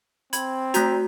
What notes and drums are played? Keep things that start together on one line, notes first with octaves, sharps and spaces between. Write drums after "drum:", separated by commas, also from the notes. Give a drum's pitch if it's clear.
C4 B5 G#6, drum: hi-hat
A3 F#4 A#5 G6 B6, drum: hi-hat